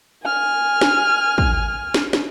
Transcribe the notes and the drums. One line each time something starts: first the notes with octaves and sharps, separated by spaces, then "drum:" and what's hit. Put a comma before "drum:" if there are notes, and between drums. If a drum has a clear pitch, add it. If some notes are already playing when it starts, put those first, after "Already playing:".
G#5 F6
drum: snare
drum: kick
drum: snare
drum: snare